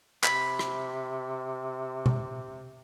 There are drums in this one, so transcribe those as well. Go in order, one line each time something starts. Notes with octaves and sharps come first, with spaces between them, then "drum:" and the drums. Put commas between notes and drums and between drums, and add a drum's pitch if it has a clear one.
C3 B5, drum: clap
drum: rim click
drum: tom B2